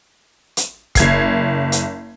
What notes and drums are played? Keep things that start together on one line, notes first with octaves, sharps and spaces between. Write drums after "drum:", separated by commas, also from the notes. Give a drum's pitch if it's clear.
drum: hi-hat
F#1 G#6 C7, drum: kick, hi-hat
drum: hi-hat